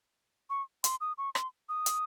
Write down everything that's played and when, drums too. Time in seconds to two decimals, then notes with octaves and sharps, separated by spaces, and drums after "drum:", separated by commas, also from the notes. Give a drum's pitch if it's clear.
0.50 C#6
0.84 C6, drum: hi-hat
1.01 D#6
1.18 C#6
1.35 C6, drum: rim click
1.69 D#6
1.86 drum: hi-hat